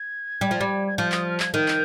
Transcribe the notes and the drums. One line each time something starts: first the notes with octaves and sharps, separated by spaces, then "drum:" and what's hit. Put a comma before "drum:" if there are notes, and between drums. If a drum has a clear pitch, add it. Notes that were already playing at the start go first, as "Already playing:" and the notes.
Already playing: G#6
G3
F3
G3
G#6
F3 G6
D#6, drum: clap
F6
G#6, drum: clap
D#3 G6
drum: clap